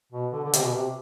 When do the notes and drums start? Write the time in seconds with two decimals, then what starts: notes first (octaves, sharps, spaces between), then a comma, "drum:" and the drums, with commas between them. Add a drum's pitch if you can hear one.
0.12 B2
0.33 D3
0.44 D3
0.53 C3, drum: hi-hat
0.64 B2
0.75 C3